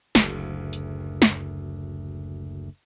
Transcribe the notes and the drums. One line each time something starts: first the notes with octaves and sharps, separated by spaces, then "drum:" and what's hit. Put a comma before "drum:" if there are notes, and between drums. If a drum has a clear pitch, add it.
F#1 D2, drum: snare
drum: hi-hat
drum: snare